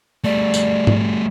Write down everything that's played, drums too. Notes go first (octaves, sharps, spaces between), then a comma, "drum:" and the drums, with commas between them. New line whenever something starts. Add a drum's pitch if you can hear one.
G3 A3 D5
drum: tambourine
drum: tom G#2